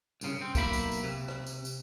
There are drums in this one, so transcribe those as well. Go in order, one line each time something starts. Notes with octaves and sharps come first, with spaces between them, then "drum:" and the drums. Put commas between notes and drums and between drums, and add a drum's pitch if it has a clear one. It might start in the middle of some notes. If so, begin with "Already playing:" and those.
C2 G2 C#3, drum: tambourine
C4
B1 A#3 E5 B5, drum: kick, tambourine
drum: tambourine
drum: tambourine
C3
drum: rim click
drum: tambourine
drum: tambourine